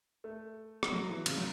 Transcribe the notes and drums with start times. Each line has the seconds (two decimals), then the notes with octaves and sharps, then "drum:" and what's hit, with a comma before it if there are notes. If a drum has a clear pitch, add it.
0.24 A3
0.83 drum: rim click
0.92 F#3
1.10 E3
1.26 C#3, drum: cymbal
1.37 F#3